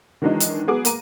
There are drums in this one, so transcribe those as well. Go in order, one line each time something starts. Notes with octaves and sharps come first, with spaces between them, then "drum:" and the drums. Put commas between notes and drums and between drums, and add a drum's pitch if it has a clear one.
D#3 E3 F#3 G#3 D4 D#4
drum: hi-hat
F#3 B3 G#4 D6
A#3 A#5 D#7, drum: hi-hat